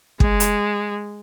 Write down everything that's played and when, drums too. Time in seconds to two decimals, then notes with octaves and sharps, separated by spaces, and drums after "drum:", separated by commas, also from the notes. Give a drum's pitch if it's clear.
0.20 G#3, drum: kick
0.40 drum: hi-hat